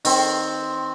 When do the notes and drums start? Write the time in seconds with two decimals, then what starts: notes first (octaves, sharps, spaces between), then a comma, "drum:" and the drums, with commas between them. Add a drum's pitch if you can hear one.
0.05 D#3 C4, drum: open hi-hat